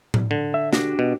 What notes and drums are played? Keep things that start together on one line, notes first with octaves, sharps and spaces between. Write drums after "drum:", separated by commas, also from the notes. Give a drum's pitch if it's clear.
drum: tom A2
D3
E5
D4 F#4 G4, drum: snare
B2